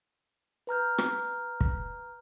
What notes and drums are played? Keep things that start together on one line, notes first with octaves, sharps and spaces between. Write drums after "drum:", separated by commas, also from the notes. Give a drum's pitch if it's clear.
B4 A#5 F6 G6
drum: rim click
drum: kick